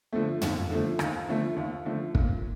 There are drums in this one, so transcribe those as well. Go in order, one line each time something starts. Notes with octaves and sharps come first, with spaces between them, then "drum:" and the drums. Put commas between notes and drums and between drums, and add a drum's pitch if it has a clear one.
D3 F3 A3
D#2, drum: tom
D3 F3 A3
D#2, drum: rim click
D3 F3 A3
D#2
D3 F3 A3
A#2, drum: kick